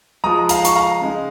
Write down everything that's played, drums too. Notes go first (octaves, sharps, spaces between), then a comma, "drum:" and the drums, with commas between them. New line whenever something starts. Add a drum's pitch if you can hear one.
F3 G#3 F4 A#5 D#6
F5 A#5, drum: hi-hat
C#6, drum: hi-hat
F5 A#5
C#3 G#3 D#4